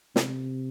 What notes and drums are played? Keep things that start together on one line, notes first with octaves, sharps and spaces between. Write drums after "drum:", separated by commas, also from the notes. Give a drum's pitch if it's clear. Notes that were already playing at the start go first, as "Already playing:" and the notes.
C3, drum: snare